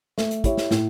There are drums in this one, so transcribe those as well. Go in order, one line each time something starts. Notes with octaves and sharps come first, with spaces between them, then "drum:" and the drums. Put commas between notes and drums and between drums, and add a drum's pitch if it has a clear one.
A3, drum: snare
drum: hi-hat
E4 G4 C#5, drum: kick, hi-hat
drum: snare
A2, drum: snare